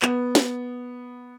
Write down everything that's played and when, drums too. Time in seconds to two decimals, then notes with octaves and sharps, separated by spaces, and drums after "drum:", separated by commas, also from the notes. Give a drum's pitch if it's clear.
0.02 B3, drum: clap
0.35 drum: snare